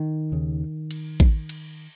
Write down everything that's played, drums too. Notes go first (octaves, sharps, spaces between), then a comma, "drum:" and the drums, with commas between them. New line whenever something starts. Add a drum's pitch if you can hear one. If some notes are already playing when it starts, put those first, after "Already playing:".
Already playing: D#3
D#2 C#3
drum: cymbal
drum: kick A1
drum: cymbal